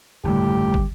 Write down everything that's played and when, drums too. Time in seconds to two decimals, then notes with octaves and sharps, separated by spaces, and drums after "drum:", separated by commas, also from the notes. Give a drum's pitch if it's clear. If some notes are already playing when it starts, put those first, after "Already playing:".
0.25 F#1 E2 A2 D3 G3 A3 G4
0.74 drum: kick